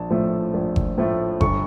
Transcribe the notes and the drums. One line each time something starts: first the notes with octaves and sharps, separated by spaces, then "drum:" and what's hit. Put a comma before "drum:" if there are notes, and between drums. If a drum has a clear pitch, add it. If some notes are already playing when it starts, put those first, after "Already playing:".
Already playing: A#1 A5
A2 F3 A3
A#1
drum: kick G1
A2 F3 A3
G1 C#6, drum: kick G1